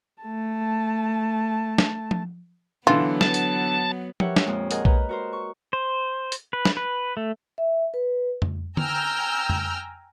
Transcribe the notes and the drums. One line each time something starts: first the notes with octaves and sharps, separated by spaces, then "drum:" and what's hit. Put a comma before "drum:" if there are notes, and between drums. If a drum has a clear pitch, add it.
A3 A5
drum: snare
drum: tom F3
D3 E3 F#3 B3 F4
A5, drum: snare
drum: hi-hat
G4 A#4 B4 C#5 E5 F#5, drum: tom F3
drum: snare
F2 A#2 G#3
G#4 A#4 D#5 F#5, drum: hi-hat
A#4 B4 A#5 G6, drum: kick B1
F#4 A#4 C5
C#6
C5
drum: hi-hat
B4
drum: snare
B4
A3
E5
B4
drum: tom F2
G5 G#5 A#5 E6 F6 G6, drum: tom D3
drum: tom F2